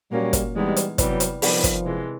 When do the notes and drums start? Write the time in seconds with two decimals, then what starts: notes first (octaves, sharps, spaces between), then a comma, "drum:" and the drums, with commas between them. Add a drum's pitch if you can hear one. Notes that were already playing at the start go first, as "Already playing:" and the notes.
0.11 A#2 F#3 G3 A#3 C#4
0.33 drum: kick, hi-hat
0.54 E3 G3 G#3 B3 D#4
0.76 drum: hi-hat
0.98 C3 E3 F#3 G3 B3, drum: kick, hi-hat
1.20 drum: hi-hat
1.42 C3 D#3 F3 G3 B3, drum: open hi-hat
1.64 drum: kick, hi-hat
1.86 C3 E3 G#3